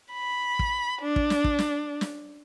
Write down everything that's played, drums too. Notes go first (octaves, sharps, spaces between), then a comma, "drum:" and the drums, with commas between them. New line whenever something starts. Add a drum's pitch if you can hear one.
B5
drum: kick
D4
drum: kick
drum: snare
drum: kick
drum: snare
drum: snare